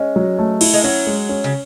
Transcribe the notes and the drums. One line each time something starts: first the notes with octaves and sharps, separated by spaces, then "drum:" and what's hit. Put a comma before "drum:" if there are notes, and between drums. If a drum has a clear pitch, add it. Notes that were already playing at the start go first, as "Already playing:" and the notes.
Already playing: G#3 C#4
F#3
A3
E4, drum: cymbal
G#3
F#3 C#4
G#3
C#4
C#3